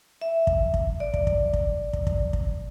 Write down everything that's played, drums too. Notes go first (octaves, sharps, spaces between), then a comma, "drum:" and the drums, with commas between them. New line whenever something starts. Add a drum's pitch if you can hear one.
E5
drum: kick
drum: kick
D5
drum: kick
drum: kick
drum: kick
drum: kick
drum: kick
drum: kick